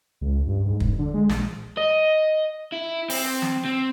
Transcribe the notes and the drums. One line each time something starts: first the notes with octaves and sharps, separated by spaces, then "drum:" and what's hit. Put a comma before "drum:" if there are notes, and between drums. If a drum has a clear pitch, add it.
C#2
G2
G#2
E1, drum: kick
D3
G#3
A#1, drum: snare
D#5
E4
C4, drum: open hi-hat
drum: snare
C4